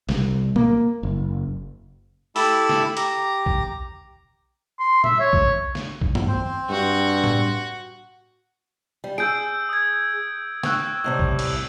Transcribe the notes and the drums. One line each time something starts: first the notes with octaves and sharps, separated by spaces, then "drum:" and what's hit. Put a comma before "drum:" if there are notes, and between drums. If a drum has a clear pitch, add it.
C2, drum: snare
A#3, drum: tom A#2
F#1
A3 E4 G4 A5 B5 E6, drum: open hi-hat
drum: snare
G4 A#5, drum: hi-hat
drum: kick
C6
E5, drum: tom A#2
C#5
drum: kick
drum: snare
drum: kick
drum: tom
C4 C5
G2 F#4
drum: tom A2
G3
G#4 E6 G6 D7
D#6 G#6
G5 C#6 E6 F#6, drum: snare
A2 C3 G3
drum: kick
drum: cymbal